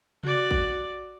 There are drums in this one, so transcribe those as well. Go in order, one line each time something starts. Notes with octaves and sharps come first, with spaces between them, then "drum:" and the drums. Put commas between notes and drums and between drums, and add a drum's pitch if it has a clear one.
F#4 D5, drum: tom C3
drum: kick